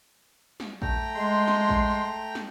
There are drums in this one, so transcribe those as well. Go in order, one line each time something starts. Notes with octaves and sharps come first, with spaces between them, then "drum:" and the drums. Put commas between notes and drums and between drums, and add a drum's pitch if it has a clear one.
drum: snare
A3 G5 A#5, drum: kick A1
G#3 C6
drum: snare
drum: kick A1
drum: snare